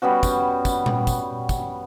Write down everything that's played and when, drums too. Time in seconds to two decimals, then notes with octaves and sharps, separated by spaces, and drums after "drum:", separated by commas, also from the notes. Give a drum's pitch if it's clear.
0.02 G3 B3 C#4 F#4
0.23 drum: kick, tambourine
0.65 drum: kick, tambourine
0.86 drum: tom A#2
1.07 drum: kick, tambourine
1.49 drum: kick, tambourine